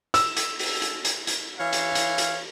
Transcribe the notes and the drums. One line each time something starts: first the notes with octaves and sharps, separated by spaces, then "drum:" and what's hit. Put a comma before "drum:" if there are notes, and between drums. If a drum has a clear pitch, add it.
E6, drum: hi-hat
drum: hi-hat
drum: open hi-hat
drum: hi-hat
drum: hi-hat
drum: hi-hat
E3 C#5 F5
drum: hi-hat
drum: hi-hat
drum: hi-hat